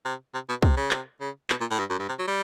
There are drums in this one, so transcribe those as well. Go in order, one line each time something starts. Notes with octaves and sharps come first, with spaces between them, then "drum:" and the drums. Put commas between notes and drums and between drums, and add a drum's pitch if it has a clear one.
C3
C3
B2
C3, drum: kick
C#3
C3, drum: clap
C#3
B2, drum: clap
A#2
A2
G2
F#2
G2
C3
F#3
G3